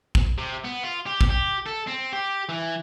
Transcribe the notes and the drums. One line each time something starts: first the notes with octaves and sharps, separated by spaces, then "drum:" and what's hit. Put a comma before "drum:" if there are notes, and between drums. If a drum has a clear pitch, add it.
drum: kick
C3
B3
F4
G4
drum: kick
G4
A4
C4
G4
E3